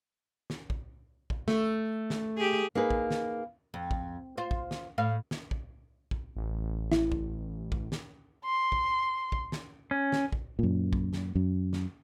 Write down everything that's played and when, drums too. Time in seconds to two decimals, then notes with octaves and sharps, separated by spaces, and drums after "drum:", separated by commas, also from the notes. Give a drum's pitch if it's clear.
0.50 drum: snare
0.70 drum: kick
1.30 drum: kick
1.48 A3, drum: snare
2.10 drum: snare
2.38 G4 G#4
2.75 A#3 D#4 G#4 B4
2.90 drum: kick
3.11 drum: snare
3.74 F2
3.91 drum: kick
4.37 F4 C5
4.51 drum: kick
4.71 drum: snare
4.98 A2 F5
5.31 drum: snare
5.51 drum: kick
6.11 drum: kick
6.35 A1
6.92 E4, drum: snare
7.12 drum: kick
7.72 drum: kick
7.92 drum: snare
8.45 C6
8.72 drum: kick
9.32 drum: kick
9.52 drum: snare
9.91 C#4
10.12 drum: snare
10.32 drum: kick
10.59 F#2 A#2
10.93 drum: kick
11.13 drum: snare
11.35 F#2
11.73 drum: snare